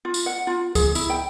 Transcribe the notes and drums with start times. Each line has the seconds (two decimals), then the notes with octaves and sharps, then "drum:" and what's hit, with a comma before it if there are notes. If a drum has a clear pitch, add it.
0.05 F4
0.14 drum: tambourine
0.26 F#5
0.47 F4
0.75 G#4, drum: kick C#2, tambourine
0.95 E4, drum: tambourine
1.10 G5